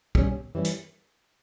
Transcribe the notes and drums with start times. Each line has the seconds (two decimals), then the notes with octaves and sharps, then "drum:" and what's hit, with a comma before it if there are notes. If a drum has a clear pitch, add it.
0.15 B2 G3 C#4, drum: kick
0.55 E3 G3 C#4
0.65 drum: hi-hat